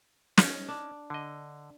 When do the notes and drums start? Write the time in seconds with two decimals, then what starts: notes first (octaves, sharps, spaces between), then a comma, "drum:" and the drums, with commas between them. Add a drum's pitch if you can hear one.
0.37 C#4 D#4, drum: snare
0.68 D4
1.10 D3 D#5